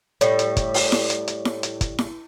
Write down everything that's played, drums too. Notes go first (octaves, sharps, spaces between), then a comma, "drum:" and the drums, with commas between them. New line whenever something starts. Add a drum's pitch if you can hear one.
A2 G3, drum: hi-hat
drum: hi-hat
drum: kick, hi-hat
drum: open hi-hat
drum: snare E4
drum: hi-hat
drum: hi-hat
drum: snare E4
drum: hi-hat
drum: kick, hi-hat
drum: snare E4